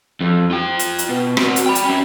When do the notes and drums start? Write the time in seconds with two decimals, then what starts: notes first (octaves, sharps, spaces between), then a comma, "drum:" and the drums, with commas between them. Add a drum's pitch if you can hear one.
0.21 F2
0.51 F4 G5
0.79 drum: hi-hat
0.99 drum: hi-hat
1.09 B2
1.37 C4 F#4, drum: rim click
1.56 drum: hi-hat
1.66 G5 B5
1.75 drum: hi-hat
1.85 C#4 F#4